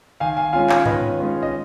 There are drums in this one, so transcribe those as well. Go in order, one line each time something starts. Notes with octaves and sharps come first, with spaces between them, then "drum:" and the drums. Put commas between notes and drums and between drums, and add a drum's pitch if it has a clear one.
D#3 F5 G#5
F5 G#5
G#3 C#4 F4 F5 G#5
C#5 F5, drum: clap
D#3 B4 D#5, drum: tom G2
G#3 C#4 F4
D#5